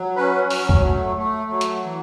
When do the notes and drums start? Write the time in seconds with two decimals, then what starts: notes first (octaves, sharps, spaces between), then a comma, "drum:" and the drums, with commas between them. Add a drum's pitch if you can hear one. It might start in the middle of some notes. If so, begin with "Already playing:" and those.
Already playing: F#3
0.16 C#4 B4
0.50 F#3, drum: open hi-hat
0.69 drum: kick
0.84 A3
1.16 A3
1.51 F#3
1.61 drum: hi-hat
1.84 E3